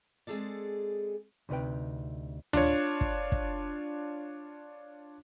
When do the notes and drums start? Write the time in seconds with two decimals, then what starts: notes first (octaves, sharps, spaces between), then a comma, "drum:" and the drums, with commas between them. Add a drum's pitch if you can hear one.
0.27 G#3 C4 G#4 A4 D5
1.49 D2 C3 D#4 B4 G5
2.53 D4 F4 C#5, drum: tom D2
3.01 drum: kick
3.32 drum: kick